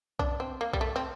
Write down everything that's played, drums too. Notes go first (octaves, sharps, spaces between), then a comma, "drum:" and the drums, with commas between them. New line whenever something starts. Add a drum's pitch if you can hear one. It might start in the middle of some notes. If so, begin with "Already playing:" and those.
D4, drum: kick B1
C4
A#3
G3, drum: kick B1
A3
C4